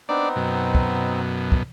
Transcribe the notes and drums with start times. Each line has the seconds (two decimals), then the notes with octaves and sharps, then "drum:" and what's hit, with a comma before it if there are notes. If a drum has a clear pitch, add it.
0.09 B3 C4 D4 D#4 D5
0.36 F#2 B2
0.75 drum: kick
1.52 drum: kick